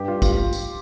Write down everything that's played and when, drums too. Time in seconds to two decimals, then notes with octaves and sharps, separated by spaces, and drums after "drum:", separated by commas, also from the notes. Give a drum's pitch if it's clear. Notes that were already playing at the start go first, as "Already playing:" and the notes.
Already playing: G2 G4
0.08 F4
0.22 F4, drum: kick, tambourine
0.53 drum: tambourine